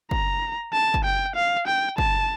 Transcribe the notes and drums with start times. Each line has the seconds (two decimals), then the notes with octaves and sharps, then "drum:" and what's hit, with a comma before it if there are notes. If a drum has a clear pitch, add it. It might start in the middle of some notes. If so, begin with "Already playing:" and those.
0.11 A#5, drum: kick
0.73 A5
0.94 drum: kick
1.05 G5
1.36 F5
1.67 G5
1.98 A5, drum: kick